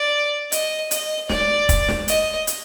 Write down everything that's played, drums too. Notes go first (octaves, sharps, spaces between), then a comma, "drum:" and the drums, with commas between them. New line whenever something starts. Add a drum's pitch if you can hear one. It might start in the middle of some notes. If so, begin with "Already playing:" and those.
Already playing: D5
D#5, drum: hi-hat
D#5, drum: hi-hat
D5, drum: snare
drum: kick, hi-hat
drum: snare
D#5, drum: hi-hat
drum: hi-hat